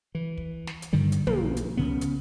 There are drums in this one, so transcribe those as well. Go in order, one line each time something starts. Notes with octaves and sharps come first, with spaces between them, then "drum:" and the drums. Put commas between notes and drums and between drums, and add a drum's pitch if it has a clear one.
E3
drum: kick
drum: snare
drum: hi-hat
G2 D3 D#3 G3
drum: hi-hat
B1 F3 A#3, drum: tom
drum: hi-hat
C#2 C#3 B3
drum: hi-hat